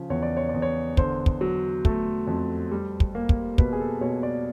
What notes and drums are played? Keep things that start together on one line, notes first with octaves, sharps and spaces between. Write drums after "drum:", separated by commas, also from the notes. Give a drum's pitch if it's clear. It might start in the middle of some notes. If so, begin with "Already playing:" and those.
Already playing: C#3 F3
E2 C#5
D5
C#5
D5
E2
C#5
D3 C5, drum: kick
drum: kick
F#3
A3, drum: kick
F2
G3
drum: kick
A#3
drum: kick
B2 B4, drum: kick
G#4
A4
B2 C#5
D5